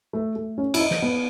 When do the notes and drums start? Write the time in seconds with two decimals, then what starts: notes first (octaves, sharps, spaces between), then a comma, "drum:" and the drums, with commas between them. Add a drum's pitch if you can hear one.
0.13 A3
0.36 A3
0.58 C#4
0.74 E4, drum: cymbal
0.79 D#4
0.91 drum: snare
1.02 B3